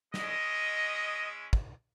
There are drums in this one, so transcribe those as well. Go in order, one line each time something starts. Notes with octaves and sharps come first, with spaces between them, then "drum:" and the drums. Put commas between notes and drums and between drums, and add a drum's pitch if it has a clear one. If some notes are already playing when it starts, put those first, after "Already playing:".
G#3 C#4 E4 D#5, drum: snare
drum: kick